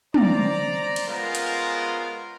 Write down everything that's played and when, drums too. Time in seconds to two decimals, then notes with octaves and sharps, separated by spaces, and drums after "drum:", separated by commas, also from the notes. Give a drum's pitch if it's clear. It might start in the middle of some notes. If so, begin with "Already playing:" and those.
0.14 C5 D5 A#5, drum: tom
0.96 drum: cymbal
1.07 G#3 B3 C#4 F4 A#4 C5
1.35 drum: hi-hat